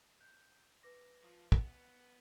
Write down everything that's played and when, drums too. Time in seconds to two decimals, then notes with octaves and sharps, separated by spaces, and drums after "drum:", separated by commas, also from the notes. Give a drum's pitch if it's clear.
0.20 F#6 G6
0.83 B4 D6 A#6
1.24 F3
1.52 B3, drum: kick